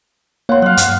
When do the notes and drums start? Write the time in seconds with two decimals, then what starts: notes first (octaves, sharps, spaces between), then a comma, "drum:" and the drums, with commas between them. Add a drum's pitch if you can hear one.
0.49 A#3 C#5 F5 F#5 C6
0.62 F#3 F5 F#5
0.77 G2, drum: hi-hat